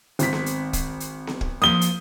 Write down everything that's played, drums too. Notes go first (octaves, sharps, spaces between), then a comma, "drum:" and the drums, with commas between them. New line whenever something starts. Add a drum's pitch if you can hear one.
G#1 C4 B6, drum: hi-hat
drum: snare B3
drum: hi-hat
drum: kick, hi-hat
drum: hi-hat
drum: snare B3
drum: kick
F3 A#3 D#6 G7
drum: hi-hat